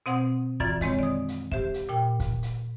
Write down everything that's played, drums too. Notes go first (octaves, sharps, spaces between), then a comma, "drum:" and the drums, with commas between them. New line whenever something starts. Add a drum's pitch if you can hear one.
B2 C4 C5 F#5 D#6
F#2 E3 F4 D5 A6, drum: kick
D#3 G#3 C4 C#5, drum: kick, hi-hat
D5 D#6
drum: hi-hat
G4 C5 E5, drum: kick
drum: hi-hat
A#2 G5
drum: kick, hi-hat
drum: hi-hat